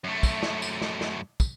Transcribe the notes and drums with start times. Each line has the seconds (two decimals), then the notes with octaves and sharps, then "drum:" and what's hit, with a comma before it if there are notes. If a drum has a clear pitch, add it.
0.04 F#2 A3
0.23 drum: kick, tambourine
0.43 drum: snare
0.62 drum: tambourine
0.82 drum: snare
1.01 drum: snare
1.40 drum: kick, tambourine